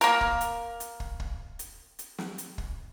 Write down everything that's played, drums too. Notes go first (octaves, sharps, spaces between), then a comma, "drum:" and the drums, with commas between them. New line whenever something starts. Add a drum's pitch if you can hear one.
A#3 A#4, drum: hi-hat
drum: kick
drum: hi-hat
drum: hi-hat
drum: kick
drum: kick
drum: hi-hat
drum: hi-hat
drum: snare
drum: hi-hat
drum: kick